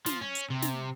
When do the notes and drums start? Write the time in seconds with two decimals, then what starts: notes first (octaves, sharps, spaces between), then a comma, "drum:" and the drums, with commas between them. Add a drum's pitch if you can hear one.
0.06 F3, drum: snare
0.21 C#4
0.35 drum: hi-hat
0.50 C3
0.62 drum: snare